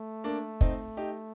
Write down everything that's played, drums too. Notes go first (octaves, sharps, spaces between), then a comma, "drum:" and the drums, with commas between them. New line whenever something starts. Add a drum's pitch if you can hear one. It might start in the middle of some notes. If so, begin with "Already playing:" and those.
Already playing: A3
A#3 D4
C4 D#4, drum: kick
D#4 G4